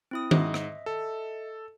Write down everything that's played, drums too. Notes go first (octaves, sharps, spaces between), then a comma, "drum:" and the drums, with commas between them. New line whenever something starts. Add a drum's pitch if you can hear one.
C4 E4 D#6
G#2 D#5 E5, drum: tom D#3
drum: rim click
A4